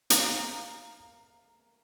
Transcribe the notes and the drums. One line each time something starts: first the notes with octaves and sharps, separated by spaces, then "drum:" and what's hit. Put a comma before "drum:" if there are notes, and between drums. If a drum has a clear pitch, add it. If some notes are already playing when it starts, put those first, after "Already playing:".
F5 A#5, drum: hi-hat